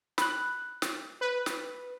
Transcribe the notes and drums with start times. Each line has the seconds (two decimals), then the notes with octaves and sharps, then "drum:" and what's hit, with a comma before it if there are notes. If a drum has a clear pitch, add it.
0.18 B5 F#6, drum: snare
0.82 drum: snare
1.21 B4
1.46 drum: snare